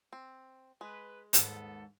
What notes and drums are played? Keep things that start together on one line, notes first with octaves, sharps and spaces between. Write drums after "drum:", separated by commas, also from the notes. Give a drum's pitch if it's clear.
C4
G#3 B4
D#2 G#2 B3 A4, drum: hi-hat